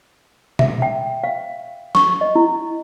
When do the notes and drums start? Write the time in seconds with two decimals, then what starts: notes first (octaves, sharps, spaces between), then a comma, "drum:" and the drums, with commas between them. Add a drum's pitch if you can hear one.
0.59 E5, drum: tom B2
0.82 G5
1.24 F5
1.95 C#6, drum: snare
2.21 D#5
2.35 E4